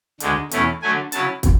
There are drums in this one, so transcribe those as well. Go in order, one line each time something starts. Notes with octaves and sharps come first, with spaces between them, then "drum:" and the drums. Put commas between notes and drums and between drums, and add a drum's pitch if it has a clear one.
D2 D3 G#3, drum: hi-hat
E2 B2 A3 C#4 E4, drum: hi-hat
D3 F#3 A3 G#5
C#3 F#3 C#4 E4 A5, drum: hi-hat
drum: kick, hi-hat